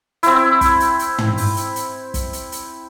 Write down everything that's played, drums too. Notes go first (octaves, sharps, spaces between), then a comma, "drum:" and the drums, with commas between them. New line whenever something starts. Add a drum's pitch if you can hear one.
C4 E4, drum: hi-hat
drum: kick, hi-hat
drum: hi-hat
drum: hi-hat
drum: tom
drum: open hi-hat
drum: hi-hat
drum: hi-hat
drum: kick, hi-hat
drum: hi-hat
drum: hi-hat